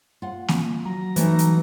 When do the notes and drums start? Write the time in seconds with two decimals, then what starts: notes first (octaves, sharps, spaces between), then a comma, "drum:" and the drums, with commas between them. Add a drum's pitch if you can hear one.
0.22 F4 F#5
0.48 drum: snare A#3
0.85 F#3 A#5
1.16 E3 A3 D#4, drum: hi-hat
1.39 drum: hi-hat